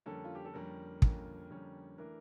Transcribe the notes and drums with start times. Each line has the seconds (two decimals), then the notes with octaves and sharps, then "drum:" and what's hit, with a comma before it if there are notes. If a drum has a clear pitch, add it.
0.06 F2 D3 G3 A#3 C#4 A4
0.25 F4
0.35 G4
0.45 A4
0.54 F2 D3 G3 A#3 C#4 A#4
1.02 F2 D3 G3 A#3 C#4, drum: kick
1.50 F2 D3 G3 A#3 C#4
1.98 E3 A3 D4 A#4